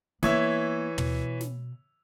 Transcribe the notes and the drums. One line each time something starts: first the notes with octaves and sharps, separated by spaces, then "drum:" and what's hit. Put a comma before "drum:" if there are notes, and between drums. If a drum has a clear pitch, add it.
E3 A#3 B3 C#5 E5, drum: snare
B2, drum: tom
drum: snare